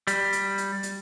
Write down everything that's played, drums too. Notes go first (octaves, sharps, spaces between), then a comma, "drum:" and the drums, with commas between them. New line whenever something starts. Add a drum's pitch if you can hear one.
G3, drum: hi-hat
drum: hi-hat
drum: hi-hat
drum: hi-hat